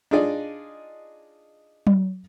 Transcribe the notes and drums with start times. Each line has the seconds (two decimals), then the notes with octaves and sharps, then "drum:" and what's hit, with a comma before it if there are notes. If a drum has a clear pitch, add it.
0.11 D4 D#4 F4 G#4 D5 D#5
1.87 drum: tom F#3